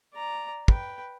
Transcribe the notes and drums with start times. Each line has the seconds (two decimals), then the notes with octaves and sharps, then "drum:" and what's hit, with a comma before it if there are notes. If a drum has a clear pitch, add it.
0.14 D5 A#5
0.68 B4 G5, drum: kick